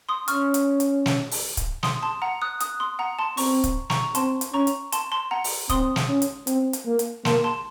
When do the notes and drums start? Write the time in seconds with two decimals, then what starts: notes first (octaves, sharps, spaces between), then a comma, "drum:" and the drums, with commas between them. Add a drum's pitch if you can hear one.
0.09 C6 D#6
0.28 C#4 C#6 F6, drum: hi-hat
0.54 drum: hi-hat
0.80 drum: hi-hat
1.06 drum: snare
1.31 drum: open hi-hat
1.57 drum: kick, hi-hat
1.83 C6 D#6, drum: snare
2.03 A5 C6
2.22 F#5 A#5
2.42 D#6 F#6
2.60 D#6 F#6, drum: hi-hat
2.80 C6 D#6
2.99 F#5 A#5
3.19 A5 C6
3.37 C4 A#5 C#6, drum: open hi-hat
3.64 drum: kick, hi-hat
3.90 A#5 C#6, drum: snare
4.15 C4 A5 C6, drum: hi-hat
4.41 drum: hi-hat
4.53 C#4 A#5 C#6
4.67 drum: hi-hat
4.92 A5 C6, drum: hi-hat
5.12 A5 C6
5.31 F#5 A#5
5.44 drum: open hi-hat
5.69 C4 C6 D#6, drum: kick, hi-hat
5.96 drum: snare
6.09 C#4
6.22 drum: hi-hat
6.47 C4, drum: hi-hat
6.73 drum: hi-hat
6.86 A#3
6.99 drum: hi-hat
7.25 A#3 A5 C6, drum: snare
7.44 A5 C6